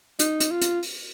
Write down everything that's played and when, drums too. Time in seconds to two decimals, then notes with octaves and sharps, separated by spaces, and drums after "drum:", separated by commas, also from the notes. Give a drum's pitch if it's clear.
0.19 D#4, drum: hi-hat
0.40 drum: hi-hat
0.51 F4
0.61 drum: hi-hat
0.83 drum: open hi-hat